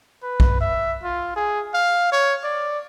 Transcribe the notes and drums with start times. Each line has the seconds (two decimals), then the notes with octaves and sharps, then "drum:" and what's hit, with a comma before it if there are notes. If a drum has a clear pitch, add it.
0.23 B4
0.40 drum: kick B1
0.60 E5
1.03 F4
1.36 G#4
1.74 F5
2.12 C#5
2.43 D5